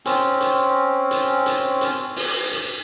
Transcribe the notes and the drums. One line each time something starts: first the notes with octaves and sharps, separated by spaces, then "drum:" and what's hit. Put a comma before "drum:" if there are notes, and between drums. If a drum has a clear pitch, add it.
C4 C#4, drum: hi-hat
drum: hi-hat
drum: hi-hat
drum: hi-hat
drum: hi-hat
drum: open hi-hat
drum: hi-hat